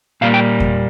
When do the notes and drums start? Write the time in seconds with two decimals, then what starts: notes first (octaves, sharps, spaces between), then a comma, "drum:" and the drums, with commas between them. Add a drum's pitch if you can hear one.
0.21 A#2 G3 A#3 F5
0.34 G5
0.60 drum: kick E2